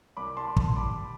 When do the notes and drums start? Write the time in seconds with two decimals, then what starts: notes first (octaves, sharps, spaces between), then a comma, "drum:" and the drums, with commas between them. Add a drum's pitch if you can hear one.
0.17 C2 B5 D6
0.37 A5 C6
0.47 C2
0.56 A5 C6, drum: kick
0.76 G3 B5 D6